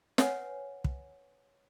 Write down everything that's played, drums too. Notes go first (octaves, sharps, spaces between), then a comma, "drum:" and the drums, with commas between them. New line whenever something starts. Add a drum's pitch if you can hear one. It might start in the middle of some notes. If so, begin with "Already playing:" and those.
B4 C#5 F#5 G#5, drum: snare
drum: kick